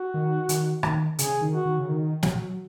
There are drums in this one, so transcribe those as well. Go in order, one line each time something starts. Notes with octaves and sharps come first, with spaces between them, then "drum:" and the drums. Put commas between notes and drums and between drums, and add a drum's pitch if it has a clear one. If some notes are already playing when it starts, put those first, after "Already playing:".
Already playing: F#4
D#3
D#3, drum: hi-hat
D#3, drum: rim click
C#3 G#4, drum: hi-hat
D#3
F#4
D#3
C#3
D#3
F#3, drum: snare